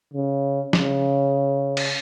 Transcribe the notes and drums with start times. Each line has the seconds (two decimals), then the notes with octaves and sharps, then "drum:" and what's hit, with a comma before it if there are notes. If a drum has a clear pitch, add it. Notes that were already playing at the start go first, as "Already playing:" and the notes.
0.13 C#3
0.73 C#3, drum: snare
1.77 drum: cymbal